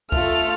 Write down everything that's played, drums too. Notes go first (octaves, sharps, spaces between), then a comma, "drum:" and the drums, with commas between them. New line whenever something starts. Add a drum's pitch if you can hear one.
A3 F4 A4 F6, drum: kick